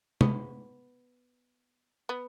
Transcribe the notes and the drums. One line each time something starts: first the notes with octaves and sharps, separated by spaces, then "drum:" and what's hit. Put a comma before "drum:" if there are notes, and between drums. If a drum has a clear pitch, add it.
B3, drum: tom
B3